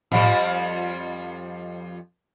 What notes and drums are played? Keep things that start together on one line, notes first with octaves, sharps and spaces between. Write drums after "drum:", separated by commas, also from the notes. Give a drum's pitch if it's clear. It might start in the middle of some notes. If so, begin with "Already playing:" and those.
F2 F3 G3, drum: tom A2